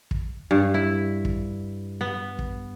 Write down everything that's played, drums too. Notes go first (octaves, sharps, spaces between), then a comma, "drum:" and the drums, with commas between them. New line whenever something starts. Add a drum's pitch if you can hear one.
drum: kick
G2
E4
drum: kick
B3
drum: kick